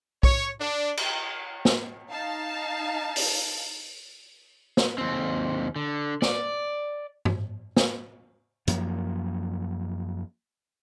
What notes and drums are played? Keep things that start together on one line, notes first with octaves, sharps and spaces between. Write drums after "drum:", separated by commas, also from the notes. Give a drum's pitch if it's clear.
C#5, drum: kick B1
D4
drum: cymbal
drum: snare
D#4 F5 A5
drum: open hi-hat
drum: snare
D#2 C4
D3
D5, drum: snare
drum: tom G2
drum: snare
F#2 F3 A#3, drum: hi-hat